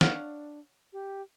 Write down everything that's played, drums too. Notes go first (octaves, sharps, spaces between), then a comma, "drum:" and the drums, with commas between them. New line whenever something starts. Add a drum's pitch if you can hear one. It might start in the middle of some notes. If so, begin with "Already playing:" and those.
D4 C#5 F5 F#5, drum: snare
G4